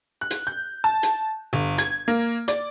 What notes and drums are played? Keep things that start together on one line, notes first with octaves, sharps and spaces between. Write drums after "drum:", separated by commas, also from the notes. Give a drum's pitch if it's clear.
F#6
drum: hi-hat
G6
A5
drum: hi-hat
G1
G#6, drum: hi-hat
A#3
D5, drum: hi-hat